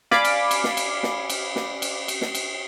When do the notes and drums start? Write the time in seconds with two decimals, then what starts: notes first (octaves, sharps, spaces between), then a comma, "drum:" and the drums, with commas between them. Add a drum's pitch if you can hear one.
0.11 D5 F5 G#5 B5 D6, drum: snare
0.24 drum: cymbal
0.51 drum: cymbal
0.64 drum: snare
0.77 drum: cymbal
1.03 drum: snare
1.30 drum: cymbal
1.56 drum: snare
1.82 drum: cymbal
2.08 drum: cymbal
2.21 drum: snare
2.35 drum: cymbal